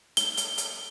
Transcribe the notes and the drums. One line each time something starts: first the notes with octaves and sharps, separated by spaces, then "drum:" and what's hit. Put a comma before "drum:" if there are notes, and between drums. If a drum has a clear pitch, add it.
G7, drum: hi-hat
drum: hi-hat
drum: hi-hat